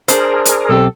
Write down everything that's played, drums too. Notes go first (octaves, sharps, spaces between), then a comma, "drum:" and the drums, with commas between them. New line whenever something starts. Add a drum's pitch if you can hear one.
D4 G#4 A#4 C5, drum: hi-hat
drum: hi-hat
B1 C4 G4 A4